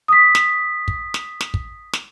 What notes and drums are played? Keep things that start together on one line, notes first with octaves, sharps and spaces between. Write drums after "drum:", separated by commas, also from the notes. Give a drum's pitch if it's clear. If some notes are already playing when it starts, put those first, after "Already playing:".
D#6 B6
drum: snare
drum: kick
drum: snare
drum: snare
drum: kick
drum: snare